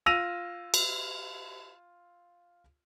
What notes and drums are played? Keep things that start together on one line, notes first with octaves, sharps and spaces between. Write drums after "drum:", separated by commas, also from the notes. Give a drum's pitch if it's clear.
F4 E6 A#6 D#7 F7
drum: cymbal